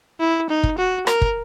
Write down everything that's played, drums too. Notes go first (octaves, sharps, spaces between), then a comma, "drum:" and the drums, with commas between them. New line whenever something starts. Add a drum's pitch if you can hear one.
E4
D#4
drum: kick
F#4
A#4, drum: rim click
drum: kick